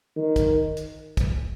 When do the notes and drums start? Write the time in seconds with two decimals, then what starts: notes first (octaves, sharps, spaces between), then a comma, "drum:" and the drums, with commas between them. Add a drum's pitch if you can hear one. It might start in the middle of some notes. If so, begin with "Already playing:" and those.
0.16 D#3
0.36 drum: kick, hi-hat
0.77 drum: hi-hat
1.17 drum: kick, hi-hat